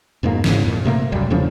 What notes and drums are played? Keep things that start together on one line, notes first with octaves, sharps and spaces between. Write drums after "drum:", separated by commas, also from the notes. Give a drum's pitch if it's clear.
F2 G#2 B2 A#3
G#1 G#2 C#3, drum: snare
F2 A#2
C3 A3 A#3
C#2 F#2 A#2 G3
E2 C#3 F3 D4